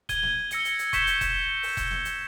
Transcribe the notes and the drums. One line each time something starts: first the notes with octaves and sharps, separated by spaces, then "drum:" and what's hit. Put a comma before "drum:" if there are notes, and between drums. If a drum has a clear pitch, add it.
G#6 D#7 G7, drum: kick E1, hi-hat
drum: snare
E6 A#6 C#7 G7, drum: hi-hat
drum: hi-hat
drum: hi-hat
C#6 G6 B6 E7 G7, drum: kick E1, hi-hat
drum: hi-hat
drum: kick E1, hi-hat
drum: open hi-hat
drum: kick E1, hi-hat
drum: snare
drum: hi-hat